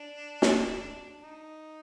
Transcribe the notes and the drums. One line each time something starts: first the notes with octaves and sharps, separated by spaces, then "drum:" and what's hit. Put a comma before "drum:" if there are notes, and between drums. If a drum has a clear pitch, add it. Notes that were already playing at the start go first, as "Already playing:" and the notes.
Already playing: D4
drum: snare
D#4